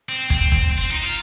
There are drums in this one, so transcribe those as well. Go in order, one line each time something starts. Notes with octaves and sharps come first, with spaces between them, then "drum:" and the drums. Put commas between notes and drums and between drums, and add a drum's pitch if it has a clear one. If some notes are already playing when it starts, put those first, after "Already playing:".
C4
C4, drum: kick
drum: kick
C4
D#4
F4